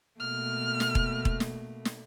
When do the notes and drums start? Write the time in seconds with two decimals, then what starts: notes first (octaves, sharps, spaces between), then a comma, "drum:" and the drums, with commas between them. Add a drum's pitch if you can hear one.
0.20 B2 A3 A#3 F6
0.80 drum: snare
0.95 drum: kick E1
1.25 drum: kick E1
1.40 drum: snare
1.85 drum: snare